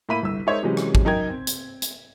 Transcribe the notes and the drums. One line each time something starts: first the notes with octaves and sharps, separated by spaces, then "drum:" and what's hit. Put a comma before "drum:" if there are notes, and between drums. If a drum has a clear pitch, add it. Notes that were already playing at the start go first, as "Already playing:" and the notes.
A2 A#3 E5 B5 B6 D#7
G1 C2 E6
G#3 D#4 A#4 C5 C#5 E5
C3 E3 F#3 G#3 C4 C#4
drum: rim click
drum: kick
F#2 D#4 A#4 G5 G#6
C4
drum: hi-hat
drum: hi-hat